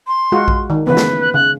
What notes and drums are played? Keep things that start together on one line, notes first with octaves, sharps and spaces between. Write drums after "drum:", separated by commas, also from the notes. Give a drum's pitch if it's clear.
C6
G#3 F4 F#4
drum: kick A#1
D#3
C#3 E3 B3 B4
drum: snare
F#6
C#3 F#6